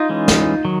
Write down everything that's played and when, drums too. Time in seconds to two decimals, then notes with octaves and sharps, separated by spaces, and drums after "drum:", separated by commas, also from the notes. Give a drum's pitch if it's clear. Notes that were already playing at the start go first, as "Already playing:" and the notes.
Already playing: D#4 F4
0.09 E3 G#3 C#4
0.28 drum: snare
0.65 D#3 F#3